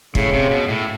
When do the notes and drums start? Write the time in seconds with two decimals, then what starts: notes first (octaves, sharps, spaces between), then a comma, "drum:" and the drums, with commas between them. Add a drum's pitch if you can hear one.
0.15 A2 C#3, drum: kick
0.33 C3
0.51 B2
0.68 A2